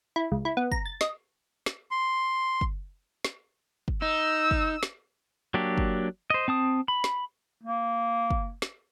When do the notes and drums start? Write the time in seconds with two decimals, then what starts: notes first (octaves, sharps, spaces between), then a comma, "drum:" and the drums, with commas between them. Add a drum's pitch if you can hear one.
0.16 E4
0.32 C#2
0.45 E4
0.57 B3
0.72 A#5, drum: kick
0.86 A6
1.01 D#5, drum: snare
1.66 drum: snare
1.91 C6
2.61 drum: kick
3.25 drum: snare
3.88 drum: kick
4.02 D#4 E6
4.51 drum: kick
4.83 drum: snare
5.54 F#3 A#3 D4 G4
5.78 drum: kick
6.30 C5 D#5
6.48 C4 A5 D#6
6.88 B5
7.04 drum: snare
7.63 A#3
8.31 drum: kick
8.62 drum: snare